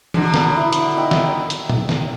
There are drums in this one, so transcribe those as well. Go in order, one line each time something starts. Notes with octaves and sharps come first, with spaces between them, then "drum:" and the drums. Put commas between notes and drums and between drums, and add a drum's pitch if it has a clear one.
B2 D3 A#5, drum: tom E3
drum: snare
E4
drum: hi-hat
D#4 E5 G5
drum: snare
drum: hi-hat
drum: tom A#2
drum: snare